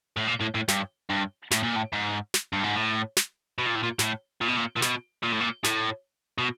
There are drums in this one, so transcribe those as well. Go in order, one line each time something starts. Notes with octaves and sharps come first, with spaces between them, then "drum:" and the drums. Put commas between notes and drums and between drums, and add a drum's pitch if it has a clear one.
A2
A#2
A2
A2
G2, drum: snare
G2
A2, drum: snare
A#2
A2
G#2
drum: snare
G2
G#2
A2
drum: snare
B2
A#2
A2
A#2
A2, drum: snare
A#2
B2
A#2
A#2
B2, drum: snare
A#2
A2
A#2
A2, drum: snare
B2